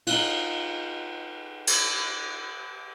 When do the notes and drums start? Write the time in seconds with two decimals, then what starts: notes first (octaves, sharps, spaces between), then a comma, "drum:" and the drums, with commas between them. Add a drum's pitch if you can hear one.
0.07 D#4 F4, drum: cymbal
1.67 drum: cymbal